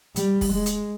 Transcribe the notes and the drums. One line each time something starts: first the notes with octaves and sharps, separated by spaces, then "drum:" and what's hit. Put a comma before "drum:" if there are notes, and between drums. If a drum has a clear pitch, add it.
G3, drum: hi-hat
drum: kick, open hi-hat
G#3
drum: hi-hat